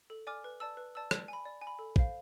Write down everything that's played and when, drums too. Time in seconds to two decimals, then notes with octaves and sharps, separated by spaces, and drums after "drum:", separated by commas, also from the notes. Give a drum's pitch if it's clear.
0.10 A4
0.27 D5 G#5 D6 F6
0.44 B4
0.60 D5 A5 E6
0.77 B4
0.95 D5 A5 E6
1.11 D5, drum: rim click
1.28 G#5 B5
1.45 D5
1.62 G#5
1.67 B5
1.79 A4
1.96 C5 F5, drum: kick